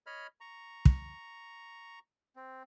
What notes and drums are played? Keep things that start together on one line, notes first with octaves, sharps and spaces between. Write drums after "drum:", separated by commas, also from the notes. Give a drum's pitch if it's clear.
C#5 D#5 B5 F6
A#5 C#6
drum: kick
C4